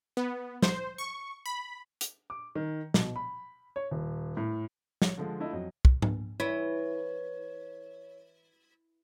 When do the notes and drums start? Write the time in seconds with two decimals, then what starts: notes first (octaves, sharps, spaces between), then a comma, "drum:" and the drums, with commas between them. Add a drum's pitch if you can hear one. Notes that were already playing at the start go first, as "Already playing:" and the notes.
0.17 B3
0.62 C5, drum: snare
0.98 C#6
1.46 B5
2.01 drum: hi-hat
2.30 D6
2.55 D#3
2.94 B2, drum: snare
3.16 B5
3.76 C#5
3.91 D#1
4.37 A2
5.02 C#5, drum: snare
5.17 D3 F3 G#3
5.40 A3 D4 E4 F4 D#5
5.53 F2 F#3 D#5
5.85 drum: kick
6.02 drum: tom G#2
6.40 E3 E4 C#5